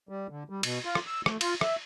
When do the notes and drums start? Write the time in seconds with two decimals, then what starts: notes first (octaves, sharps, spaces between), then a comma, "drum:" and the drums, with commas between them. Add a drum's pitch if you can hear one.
0.09 G3
0.30 D3
0.50 G3
0.63 B2, drum: cymbal
0.85 F4
0.95 drum: rim click
1.07 E6
1.26 A3, drum: rim click
1.41 F4, drum: cymbal
1.61 E5, drum: rim click